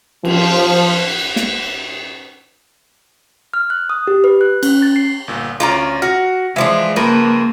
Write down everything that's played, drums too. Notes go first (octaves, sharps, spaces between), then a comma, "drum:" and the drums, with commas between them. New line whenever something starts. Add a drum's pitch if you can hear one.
F3, drum: cymbal
drum: snare
F6
F#6
D#6
G4
B4
F#6
C#4, drum: cymbal
A6
C7
G1 A#2
D2 C#4 F4 D5 A#5
F#4 F6 A#6 C#7
E3 F3 G#3 D4 E5 F5
C#2 F3 A#3 A#4 B4